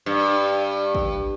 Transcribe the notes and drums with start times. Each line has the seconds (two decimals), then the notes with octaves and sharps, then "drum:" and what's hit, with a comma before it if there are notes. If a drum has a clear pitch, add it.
0.06 G2
0.95 drum: kick